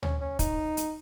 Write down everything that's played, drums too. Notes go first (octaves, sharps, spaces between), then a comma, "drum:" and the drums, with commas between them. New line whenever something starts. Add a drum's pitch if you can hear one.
C#4, drum: tom D2
C#4
D#4, drum: kick, hi-hat
drum: hi-hat